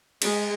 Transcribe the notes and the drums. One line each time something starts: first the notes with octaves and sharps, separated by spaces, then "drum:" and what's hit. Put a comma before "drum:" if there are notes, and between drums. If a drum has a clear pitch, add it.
G#3, drum: cymbal